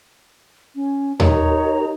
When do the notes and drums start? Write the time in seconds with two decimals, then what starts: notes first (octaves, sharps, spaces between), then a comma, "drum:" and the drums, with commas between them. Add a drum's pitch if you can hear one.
0.75 C#4
1.20 D#4 G4 A#4 C#5 A#5, drum: tom D#2